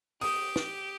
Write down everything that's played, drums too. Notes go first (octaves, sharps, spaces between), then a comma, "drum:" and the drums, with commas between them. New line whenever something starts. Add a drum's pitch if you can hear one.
G4 D#6, drum: open hi-hat
drum: snare